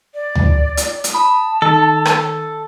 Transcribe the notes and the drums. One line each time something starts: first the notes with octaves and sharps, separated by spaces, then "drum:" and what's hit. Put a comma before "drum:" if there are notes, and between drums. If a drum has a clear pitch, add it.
D5
drum: tom D2
drum: hi-hat
drum: hi-hat
A5 B5 D#6
D#3 A4
drum: rim click